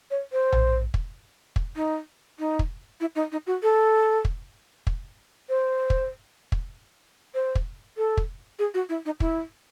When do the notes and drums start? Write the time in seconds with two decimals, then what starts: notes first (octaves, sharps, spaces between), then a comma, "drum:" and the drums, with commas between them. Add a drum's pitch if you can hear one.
0.11 C#5
0.32 C5
0.53 drum: tom A#1
0.94 drum: kick
1.56 drum: kick
1.76 D#4
2.39 D#4
2.59 drum: kick
3.01 E4
3.16 D#4
3.32 D#4
3.47 F#4
3.63 A4
4.25 drum: kick
4.87 drum: kick
5.49 C5
5.90 drum: kick
6.52 drum: kick
7.35 C5
7.55 drum: kick
7.97 A4
8.17 drum: kick
8.59 G#4
8.74 F#4
8.89 E4
9.06 D#4
9.20 E4, drum: kick